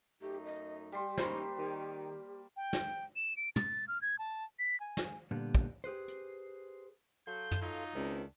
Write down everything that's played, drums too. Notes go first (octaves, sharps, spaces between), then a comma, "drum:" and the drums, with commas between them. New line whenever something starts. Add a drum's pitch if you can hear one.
F#2 A3 D#4 G4
D#5
G3 G4 C6
E3 A#3 C#4 D#4 C5, drum: snare
D#3
G5
drum: snare
E7
D7
A6, drum: tom
F6
G#6
A5
B6
G#5
drum: snare
A#2 D3 G3 B3
drum: kick
G4 G#4 B4 C5
drum: hi-hat
F#3 A4 F5 C6 G6
drum: tom
F#3 D#4 F4
C#2 D#3 C4 D4 E4